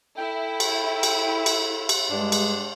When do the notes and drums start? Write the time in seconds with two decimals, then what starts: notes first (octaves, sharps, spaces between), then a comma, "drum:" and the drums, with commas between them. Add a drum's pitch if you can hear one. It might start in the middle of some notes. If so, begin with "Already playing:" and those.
0.18 E4 A4 G5
0.60 drum: cymbal
1.03 drum: cymbal
1.46 drum: cymbal
1.89 drum: cymbal
2.11 G2 G#3 D4
2.32 drum: cymbal